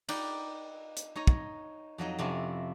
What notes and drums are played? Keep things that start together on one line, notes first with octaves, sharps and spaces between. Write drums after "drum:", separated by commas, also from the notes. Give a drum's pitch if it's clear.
D#4 A#4 B4 D5 G5, drum: cymbal
drum: hi-hat
D#4 C#5 D#5 A#5
drum: kick
F2 F#3 D#4 D#5
F2 C3 C#4 E4